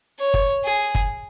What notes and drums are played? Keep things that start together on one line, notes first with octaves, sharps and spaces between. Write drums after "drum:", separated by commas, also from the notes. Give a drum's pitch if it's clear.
C#5
drum: kick
G#4
drum: kick